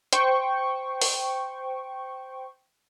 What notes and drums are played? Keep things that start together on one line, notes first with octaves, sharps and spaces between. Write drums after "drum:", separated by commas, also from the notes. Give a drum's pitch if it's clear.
C5 G5 C#6, drum: hi-hat
drum: open hi-hat